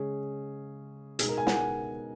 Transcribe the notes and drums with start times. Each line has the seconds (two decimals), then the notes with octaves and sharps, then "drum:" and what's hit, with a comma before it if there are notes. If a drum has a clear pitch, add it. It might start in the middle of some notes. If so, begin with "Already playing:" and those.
Already playing: C#3 G#3 C#4 G#4
1.19 B2 G#3 D#4 G#4, drum: hi-hat
1.28 A#4
1.38 G#5
1.47 F#5, drum: snare
1.56 G#5